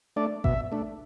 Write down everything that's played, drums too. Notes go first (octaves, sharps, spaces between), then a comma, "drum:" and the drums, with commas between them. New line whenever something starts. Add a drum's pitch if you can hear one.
A3 D4 D5
B2 E5, drum: kick A1
A3 D4